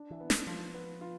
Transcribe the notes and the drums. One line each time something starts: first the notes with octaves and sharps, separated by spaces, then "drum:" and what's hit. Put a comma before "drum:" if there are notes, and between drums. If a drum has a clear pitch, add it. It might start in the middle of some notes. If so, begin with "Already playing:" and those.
Already playing: D4
E3
B3
drum: snare
F3 F4
B3
F4